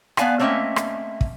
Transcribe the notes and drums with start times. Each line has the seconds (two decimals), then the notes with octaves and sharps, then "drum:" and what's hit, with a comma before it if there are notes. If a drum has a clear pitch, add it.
0.17 B3 D5 F5 G#5 A5, drum: rim click
0.39 A3 A#3 C4 C#4 D#5 E5
0.76 drum: rim click
1.21 drum: kick